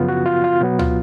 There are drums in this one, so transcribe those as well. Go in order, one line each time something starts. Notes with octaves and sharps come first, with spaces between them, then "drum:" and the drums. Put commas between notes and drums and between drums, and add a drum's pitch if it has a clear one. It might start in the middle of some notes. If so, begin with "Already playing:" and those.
Already playing: F#2 C#3 F3 B3 F4
F#4
F4
F4
B2 F#3 B3
F4, drum: tom C#2